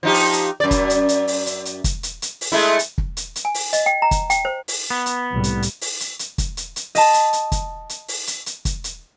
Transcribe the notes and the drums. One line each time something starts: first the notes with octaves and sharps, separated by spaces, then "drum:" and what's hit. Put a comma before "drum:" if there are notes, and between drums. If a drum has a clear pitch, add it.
F3 D#4 G4
drum: open hi-hat
drum: hi-hat
F#2 D5
drum: kick, hi-hat
drum: hi-hat
drum: hi-hat
drum: open hi-hat
drum: hi-hat
drum: hi-hat
drum: kick, hi-hat
drum: hi-hat
drum: hi-hat
drum: open hi-hat
G#3 A3 E4
drum: hi-hat
drum: kick
drum: hi-hat
drum: hi-hat
G#5
drum: open hi-hat
D#5, drum: hi-hat
G5
A#5
drum: kick, hi-hat
G5, drum: hi-hat
C5
drum: open hi-hat
B3
drum: hi-hat
C2 A2 G3
drum: hi-hat
drum: hi-hat
drum: open hi-hat
drum: hi-hat
drum: hi-hat
drum: kick, hi-hat
drum: hi-hat
drum: hi-hat
D#5 A5, drum: open hi-hat
drum: hi-hat
drum: hi-hat
drum: kick, hi-hat
drum: hi-hat
drum: open hi-hat
drum: hi-hat
drum: hi-hat
drum: kick, hi-hat
drum: hi-hat